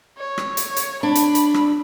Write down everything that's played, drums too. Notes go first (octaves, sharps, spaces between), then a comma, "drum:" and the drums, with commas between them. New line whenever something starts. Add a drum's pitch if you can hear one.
C#5
drum: rim click
drum: hi-hat
drum: hi-hat
D4 B5
drum: hi-hat
drum: hi-hat
drum: rim click